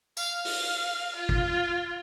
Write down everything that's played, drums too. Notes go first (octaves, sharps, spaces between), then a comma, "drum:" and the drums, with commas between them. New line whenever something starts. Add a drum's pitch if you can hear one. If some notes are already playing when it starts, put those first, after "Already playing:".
F5, drum: tambourine
drum: open hi-hat
F4
drum: kick